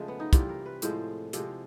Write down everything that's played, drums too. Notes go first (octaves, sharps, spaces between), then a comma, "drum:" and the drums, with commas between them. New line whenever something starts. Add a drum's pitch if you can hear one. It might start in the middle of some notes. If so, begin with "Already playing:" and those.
Already playing: C#3 F3 G#3 A3 C#4
B3
D#4
C3 E3 G3 F4, drum: kick, hi-hat
A#4
B4
A2 F3 G#3 C5, drum: hi-hat
C3 F3 G#3, drum: hi-hat